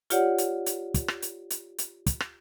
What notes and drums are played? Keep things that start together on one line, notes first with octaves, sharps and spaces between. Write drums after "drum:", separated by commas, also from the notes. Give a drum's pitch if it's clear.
F4 G4 C#5 D5 F#5, drum: hi-hat
drum: hi-hat
drum: hi-hat
drum: kick, hi-hat
drum: rim click
drum: hi-hat
drum: hi-hat
drum: hi-hat
drum: kick, hi-hat
drum: rim click